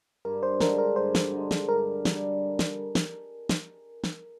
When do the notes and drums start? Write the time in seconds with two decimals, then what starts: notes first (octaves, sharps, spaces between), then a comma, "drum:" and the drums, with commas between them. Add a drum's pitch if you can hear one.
0.25 G2 A#4
0.43 C5
0.60 D3 G#3 A#4, drum: snare
0.78 A#4
0.96 G2 C5
1.15 drum: snare
1.32 D3 G#3
1.51 drum: snare
1.69 G2 A#4
2.05 D3 G3, drum: snare
2.59 drum: snare
2.95 drum: snare
3.49 drum: snare
4.04 drum: snare